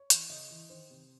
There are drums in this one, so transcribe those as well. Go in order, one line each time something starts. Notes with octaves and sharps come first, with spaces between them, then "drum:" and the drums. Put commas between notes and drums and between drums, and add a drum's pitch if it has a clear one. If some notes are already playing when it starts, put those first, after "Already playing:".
Already playing: C#5
E3, drum: hi-hat
C#3 D#5
E3
D#3 C5
C3